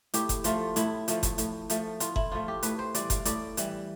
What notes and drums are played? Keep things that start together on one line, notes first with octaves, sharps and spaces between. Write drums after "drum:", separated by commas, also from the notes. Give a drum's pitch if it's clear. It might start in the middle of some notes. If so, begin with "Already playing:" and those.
A2 G4, drum: hi-hat
drum: kick F#1, hi-hat
F3 A3 F4, drum: hi-hat
A2 E4, drum: hi-hat
F3 A3, drum: hi-hat
drum: kick F#1, hi-hat
A2, drum: hi-hat
F3 A3, drum: hi-hat
A2 F4, drum: hi-hat
E4, drum: kick F#1
F3 A3 F4
G4
A2 B4, drum: hi-hat
C5
E3 G3 D5, drum: hi-hat
F5, drum: kick F#1, hi-hat
A2 D5, drum: hi-hat
E3 G3, drum: hi-hat